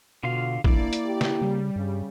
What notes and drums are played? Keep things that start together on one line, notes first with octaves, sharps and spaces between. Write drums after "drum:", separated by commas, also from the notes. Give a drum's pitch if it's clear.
B2 D3 F4 F#4 F5
A#3 D4 E4 D5, drum: kick
drum: hi-hat
G4
drum: snare
C#3 G3
G2 C#3